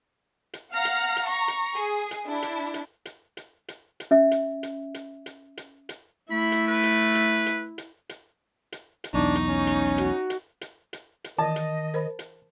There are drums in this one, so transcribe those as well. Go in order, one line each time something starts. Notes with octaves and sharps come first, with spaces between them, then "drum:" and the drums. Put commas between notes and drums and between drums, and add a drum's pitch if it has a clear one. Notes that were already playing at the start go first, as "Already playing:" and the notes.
drum: hi-hat
F5 F#5 A#5 F6
drum: hi-hat
drum: hi-hat
A#5 C#6
drum: hi-hat
G#4
drum: hi-hat
D4 E4
drum: hi-hat
drum: hi-hat
drum: hi-hat
drum: hi-hat
drum: hi-hat
drum: hi-hat
C#4 E5
drum: hi-hat
drum: hi-hat
drum: hi-hat
drum: hi-hat
drum: hi-hat
drum: hi-hat
A3 E4 B5
drum: hi-hat
B4
drum: hi-hat
drum: hi-hat
drum: hi-hat
drum: hi-hat
drum: hi-hat
drum: hi-hat
drum: hi-hat
B1 E2 D4 D#4 C#6
drum: hi-hat
C#4
drum: hi-hat
F#4, drum: hi-hat
drum: hi-hat
drum: hi-hat
drum: hi-hat
drum: hi-hat
D#3 E3 A#4 D#5 A5
drum: hi-hat
A#4 C5 B5
drum: hi-hat